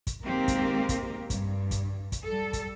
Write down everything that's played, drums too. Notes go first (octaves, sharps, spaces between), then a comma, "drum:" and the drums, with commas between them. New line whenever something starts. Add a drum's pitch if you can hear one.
drum: kick, hi-hat
D#3 G#3 A#3 C4 G4 A#4
drum: kick, hi-hat
drum: kick, hi-hat
G2, drum: kick, hi-hat
drum: kick, hi-hat
drum: kick, hi-hat
G3 A4
drum: kick, hi-hat